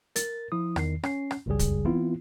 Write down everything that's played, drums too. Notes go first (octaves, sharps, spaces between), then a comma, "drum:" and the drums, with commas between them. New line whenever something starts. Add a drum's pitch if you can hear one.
A#4 A6, drum: hi-hat
F3 E4 D#6
E2 D#3 C7, drum: rim click
C#4 C7, drum: rim click
drum: rim click
G#1 C#2 F#2 C#3 G3 G#4
drum: kick, hi-hat
E3 B3 C4 E4 F4